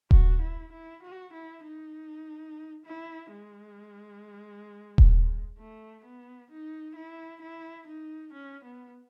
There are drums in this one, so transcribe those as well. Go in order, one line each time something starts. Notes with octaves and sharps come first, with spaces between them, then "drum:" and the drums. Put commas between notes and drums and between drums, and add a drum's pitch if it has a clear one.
F#4, drum: kick D#1
E4
E4
F#4
E4
D#4
E4
G#3
drum: kick D#1
A3
B3
D#4
E4
E4
D#4
C#4
B3